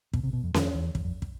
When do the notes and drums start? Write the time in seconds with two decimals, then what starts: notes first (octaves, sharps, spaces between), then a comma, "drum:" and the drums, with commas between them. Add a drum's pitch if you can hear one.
0.13 B2, drum: kick
0.23 C3
0.33 B2
0.44 F2
0.54 F2, drum: snare C#4
0.74 E2
0.95 E2, drum: kick
1.05 F2
1.22 drum: kick